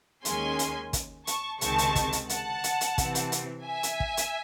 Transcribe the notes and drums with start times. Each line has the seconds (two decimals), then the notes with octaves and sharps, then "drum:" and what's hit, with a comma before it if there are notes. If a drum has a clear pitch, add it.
0.25 D#2 D#3 G#3 C#4 G#5 C6, drum: hi-hat
0.59 drum: hi-hat
0.93 drum: kick, hi-hat
1.27 A5 C#6, drum: hi-hat
1.61 C#2 C3 D#3 G#3 C4 A5 C#6, drum: hi-hat
1.78 drum: hi-hat
1.95 drum: kick, hi-hat
2.13 drum: hi-hat
2.29 F#5 A5, drum: hi-hat
2.64 drum: hi-hat
2.81 drum: hi-hat
2.98 C3 E3 C4, drum: kick, hi-hat
3.15 drum: hi-hat
3.32 drum: hi-hat
3.65 E5 G#5
3.83 drum: hi-hat
4.00 drum: kick
4.17 drum: hi-hat